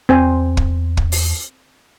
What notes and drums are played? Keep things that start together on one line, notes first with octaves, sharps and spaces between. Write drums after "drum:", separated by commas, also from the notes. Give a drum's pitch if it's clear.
E2 C4 C5 G#5
drum: kick
drum: kick
drum: open hi-hat